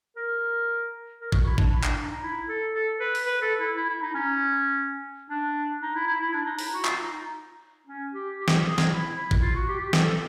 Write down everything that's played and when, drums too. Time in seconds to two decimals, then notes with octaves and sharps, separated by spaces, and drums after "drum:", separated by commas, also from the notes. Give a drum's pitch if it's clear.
0.17 A#4
1.20 A#4
1.32 F#4, drum: kick
1.46 E4
1.58 D4, drum: kick
1.71 E4
1.83 D4, drum: clap
1.97 D4
2.10 D#4
2.23 E4
2.48 A4
2.74 A4
3.00 B4
3.15 drum: open hi-hat
3.26 B4
3.42 A4
3.59 E4
3.77 E4
3.89 E4
4.02 D#4
4.15 C#4
5.30 D4
5.83 D#4
5.96 E4
6.07 E4
6.21 E4
6.33 D4
6.46 D#4
6.59 E4, drum: open hi-hat
6.73 F#4
6.85 F4, drum: clap
7.02 D#4
7.87 C#4
8.14 G4
8.38 G4
8.48 drum: snare
8.64 G#4
8.78 drum: snare
8.90 E4
9.16 E4
9.31 drum: kick
9.41 F4
9.55 F#4
9.68 G4
9.80 G4
9.93 A4, drum: snare